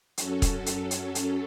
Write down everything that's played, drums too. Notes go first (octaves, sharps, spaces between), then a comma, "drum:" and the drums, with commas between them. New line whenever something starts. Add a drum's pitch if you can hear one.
F#2 F#3 C#4 A4, drum: hi-hat
drum: kick, hi-hat
drum: hi-hat
drum: hi-hat
drum: hi-hat